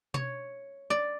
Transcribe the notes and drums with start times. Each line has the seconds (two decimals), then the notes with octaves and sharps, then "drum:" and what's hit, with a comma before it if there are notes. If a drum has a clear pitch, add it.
0.14 C#5, drum: tom B2
0.90 D5